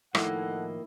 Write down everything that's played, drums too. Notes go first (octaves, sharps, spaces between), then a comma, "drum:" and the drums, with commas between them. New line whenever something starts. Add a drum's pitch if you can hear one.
A2 D#3 F3 A#3 E4 A4 D#5 F#5, drum: rim click